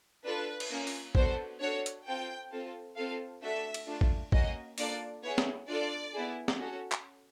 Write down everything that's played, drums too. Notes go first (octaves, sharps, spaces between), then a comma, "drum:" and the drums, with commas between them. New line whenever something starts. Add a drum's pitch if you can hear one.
D4 F4 A4 B4
drum: cymbal
A#3 C#4 F4
drum: open hi-hat
B3 D4 F#4 A4 C5, drum: kick A1
D4 F#4 A4 C#5
drum: hi-hat
C4 F4 A4 G5
C4 F4 A4
C4 F4 A4 F5
A3 D4 F#4 A4 E5
drum: cymbal
A3 D4 F4
drum: kick A1
A#3 C#4 F#4 D#5, drum: kick A1
A#3 D4 F4 A4 D5, drum: open hi-hat
B3 E4 G#4 C#5
drum: snare
D4 F4 A4 D5
B3 E4 G#4
drum: snare
C#4 F#4 A4
drum: clap